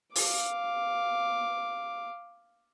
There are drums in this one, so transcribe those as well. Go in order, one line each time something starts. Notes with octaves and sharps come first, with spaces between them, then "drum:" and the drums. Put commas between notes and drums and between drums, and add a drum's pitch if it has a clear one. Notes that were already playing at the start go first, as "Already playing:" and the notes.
F5 D6, drum: open hi-hat